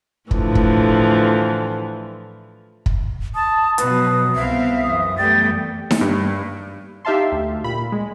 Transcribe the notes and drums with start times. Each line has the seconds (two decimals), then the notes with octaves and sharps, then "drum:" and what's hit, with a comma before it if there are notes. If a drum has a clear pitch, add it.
0.31 A2 D3 E3 F3, drum: kick
0.55 drum: kick
2.86 drum: kick
3.35 A5 D#6
3.78 B2 F3 F#3 B4, drum: hi-hat
4.35 C2 B3 C4 E5 F5
4.84 F#2 E3 D#6
5.18 G3 A3 B3 G5 A6
5.91 drum: snare D#4
6.01 G2
7.05 D#4 G4 E5 F5 A5 C6
7.32 D2
7.64 A#2 B5
7.92 G#3